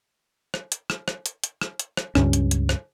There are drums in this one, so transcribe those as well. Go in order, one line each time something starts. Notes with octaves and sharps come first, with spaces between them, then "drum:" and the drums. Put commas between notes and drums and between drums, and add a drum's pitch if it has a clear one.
drum: rim click
drum: hi-hat
drum: rim click
drum: rim click
drum: hi-hat
drum: hi-hat
drum: rim click
drum: hi-hat
drum: rim click
C#2 G2 C#4, drum: rim click
drum: hi-hat
drum: hi-hat
drum: rim click